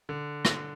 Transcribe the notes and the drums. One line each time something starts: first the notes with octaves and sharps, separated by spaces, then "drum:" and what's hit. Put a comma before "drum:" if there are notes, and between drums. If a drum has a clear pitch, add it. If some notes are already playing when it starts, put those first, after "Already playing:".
D3
drum: rim click